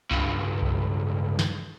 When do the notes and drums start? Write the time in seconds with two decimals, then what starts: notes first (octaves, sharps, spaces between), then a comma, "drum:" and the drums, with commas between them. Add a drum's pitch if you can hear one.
0.11 C#2 G2, drum: kick C2
0.62 drum: kick C2
1.39 drum: snare